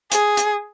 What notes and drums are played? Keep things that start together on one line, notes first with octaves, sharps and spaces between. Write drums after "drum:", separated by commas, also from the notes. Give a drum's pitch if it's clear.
G#4, drum: hi-hat
drum: hi-hat